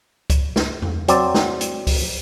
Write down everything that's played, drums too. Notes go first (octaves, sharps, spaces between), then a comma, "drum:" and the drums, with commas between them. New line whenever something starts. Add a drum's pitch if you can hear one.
drum: kick C#2, hi-hat
drum: snare
drum: tom E2
F#3 C4 D5, drum: hi-hat
drum: snare
drum: hi-hat
drum: kick C#2, open hi-hat